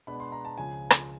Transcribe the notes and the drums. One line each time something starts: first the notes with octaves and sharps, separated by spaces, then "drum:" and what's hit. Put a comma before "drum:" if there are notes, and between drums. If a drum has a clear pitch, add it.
B2 G#3 B3 D4 B5
C6
A#5
A5
C#2 C#3 F3 G#5
drum: rim click